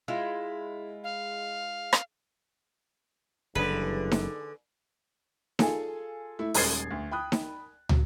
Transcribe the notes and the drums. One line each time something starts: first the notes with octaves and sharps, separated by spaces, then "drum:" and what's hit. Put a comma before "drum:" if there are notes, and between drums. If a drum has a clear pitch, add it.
G#3 E4 F4
F5
drum: rim click
F#1 G2 D3 E3 G#4 B4
drum: snare D#4
F4 G#4 A4 G#5, drum: snare D#4
A3 E4
D#1 G#3 C#4 G#6 A6 C7, drum: open hi-hat
D2
G5 B5 D#6 F#6
drum: snare D#4
F#3, drum: tom